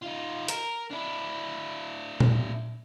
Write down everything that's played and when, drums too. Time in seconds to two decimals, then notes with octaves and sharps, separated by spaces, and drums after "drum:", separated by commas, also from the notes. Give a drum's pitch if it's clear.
0.03 D#4 F4
0.48 A#4, drum: hi-hat
0.90 D4 E4
2.20 drum: tom A#2